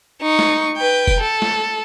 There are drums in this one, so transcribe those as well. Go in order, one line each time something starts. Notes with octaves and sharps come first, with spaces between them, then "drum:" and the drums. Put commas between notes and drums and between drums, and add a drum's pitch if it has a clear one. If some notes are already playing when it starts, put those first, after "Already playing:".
D#4 C#6
drum: snare
B4 G5
drum: kick F1, tambourine
A4
drum: snare